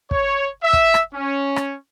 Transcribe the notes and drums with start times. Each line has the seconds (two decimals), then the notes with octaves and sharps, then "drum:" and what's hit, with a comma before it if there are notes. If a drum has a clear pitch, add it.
0.11 C#5, drum: kick
0.63 E5
0.73 drum: kick
0.94 drum: rim click
1.14 C#4
1.56 drum: rim click